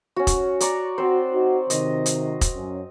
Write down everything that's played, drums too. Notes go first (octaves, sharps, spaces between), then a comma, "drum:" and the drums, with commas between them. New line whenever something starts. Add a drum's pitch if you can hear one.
C#4 F#4
drum: kick E1, hi-hat
D5 A#5 C#6, drum: hi-hat
C4 F#4 C5
D#4 F#4
C3 D#3 D#5, drum: hi-hat
drum: hi-hat
drum: kick E1, hi-hat
F#2 C#4